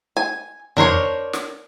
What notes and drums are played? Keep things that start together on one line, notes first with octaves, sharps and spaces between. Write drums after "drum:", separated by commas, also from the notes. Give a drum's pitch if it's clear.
G#5
D4 A#4 C5 C#5, drum: tom E2
drum: snare